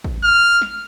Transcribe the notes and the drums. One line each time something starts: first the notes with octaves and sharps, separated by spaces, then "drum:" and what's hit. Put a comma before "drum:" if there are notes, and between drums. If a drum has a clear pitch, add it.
drum: kick
F6
drum: snare